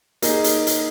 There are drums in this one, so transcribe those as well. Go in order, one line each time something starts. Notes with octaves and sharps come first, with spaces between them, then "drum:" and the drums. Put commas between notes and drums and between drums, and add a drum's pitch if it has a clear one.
A#3 D#4 G#4, drum: hi-hat
drum: hi-hat
drum: hi-hat